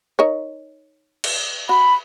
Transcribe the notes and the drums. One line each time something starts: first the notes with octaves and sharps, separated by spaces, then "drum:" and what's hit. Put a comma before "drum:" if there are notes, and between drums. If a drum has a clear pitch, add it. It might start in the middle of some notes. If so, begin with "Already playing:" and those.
D#4 A#4 C#5
drum: cymbal
F#4 B5